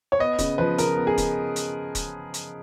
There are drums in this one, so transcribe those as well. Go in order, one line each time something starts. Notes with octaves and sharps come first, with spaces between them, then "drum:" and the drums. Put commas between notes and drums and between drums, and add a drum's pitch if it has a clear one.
C#5
B3 D#5
C#3, drum: kick, hi-hat
F3 B4
C#3 A#4, drum: hi-hat
B3
G#4
C#3, drum: kick, hi-hat
drum: hi-hat
drum: kick, hi-hat
drum: hi-hat